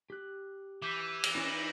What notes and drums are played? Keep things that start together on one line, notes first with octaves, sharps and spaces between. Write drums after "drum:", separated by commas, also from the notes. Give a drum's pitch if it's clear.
G4 F#6
E3 D6 G6 B6
drum: cymbal
C#4 E4 A#6 E7
D#4 F#7